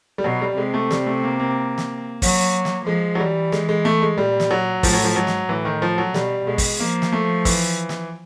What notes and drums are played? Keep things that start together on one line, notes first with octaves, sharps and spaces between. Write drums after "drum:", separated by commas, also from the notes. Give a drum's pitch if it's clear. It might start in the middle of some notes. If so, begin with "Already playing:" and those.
G3
B2 F#3
G3
C3 G#3
A3
G3, drum: snare
A3
A#3
A#3
drum: snare
F#3, drum: kick, open hi-hat
drum: snare
F3 G#3
F#3
E3 G3
G#3, drum: snare
G#3
A3
G#3
A#2 G3
drum: snare
F#3
A2 F3, drum: kick, open hi-hat
F#3
F3
G#2 F#3
drum: snare
A2 E3
D#3
F3
F#3
B2 G3, drum: snare
B2 G#3
drum: kick, open hi-hat
F3 A#3
drum: snare
A3
E3, drum: kick, open hi-hat
drum: snare